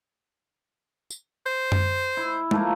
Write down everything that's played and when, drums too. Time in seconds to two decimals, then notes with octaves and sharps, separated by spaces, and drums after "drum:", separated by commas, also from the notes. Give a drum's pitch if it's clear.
1.10 drum: tambourine
1.46 C5
1.72 drum: tom F#2
2.17 E4
2.51 F3 A3 A#3, drum: tom G#3